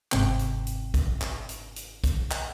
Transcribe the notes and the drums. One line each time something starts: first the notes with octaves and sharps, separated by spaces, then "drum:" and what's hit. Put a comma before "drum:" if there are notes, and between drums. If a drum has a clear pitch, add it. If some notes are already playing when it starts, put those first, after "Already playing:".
G1 G#2 C3 C4 G5, drum: clap
drum: hi-hat
drum: hi-hat
drum: kick, hi-hat
drum: clap
drum: hi-hat
drum: hi-hat
drum: kick, hi-hat
drum: clap